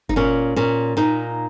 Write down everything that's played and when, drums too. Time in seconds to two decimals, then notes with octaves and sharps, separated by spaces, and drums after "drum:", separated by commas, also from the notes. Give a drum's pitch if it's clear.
0.09 D#4, drum: kick F#1
0.16 A#2 C#4
0.56 A#2 C#4
0.97 A#2 D#4